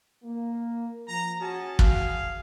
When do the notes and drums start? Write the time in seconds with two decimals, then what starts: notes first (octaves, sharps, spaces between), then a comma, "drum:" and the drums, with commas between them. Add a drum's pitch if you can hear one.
0.24 A#3
1.08 F3 A#5
1.40 C#4 F#4 G#4 A5
1.79 G#4 F5, drum: kick